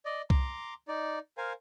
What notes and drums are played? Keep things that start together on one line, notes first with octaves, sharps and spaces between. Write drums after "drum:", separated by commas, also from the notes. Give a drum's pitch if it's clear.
D5 D#5
A#5 C6 D6, drum: kick C2
D#4 D5
A#4 C5 F5 G#5